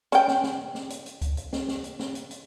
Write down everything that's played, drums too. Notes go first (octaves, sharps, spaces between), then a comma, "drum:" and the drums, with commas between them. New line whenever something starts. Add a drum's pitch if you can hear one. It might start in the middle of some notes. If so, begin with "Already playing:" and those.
C#4 G5, drum: hi-hat
drum: snare
drum: snare
drum: snare
drum: hi-hat
drum: hi-hat
drum: kick C#2, hi-hat
drum: hi-hat
drum: snare
drum: snare
drum: hi-hat
drum: snare
drum: hi-hat
drum: hi-hat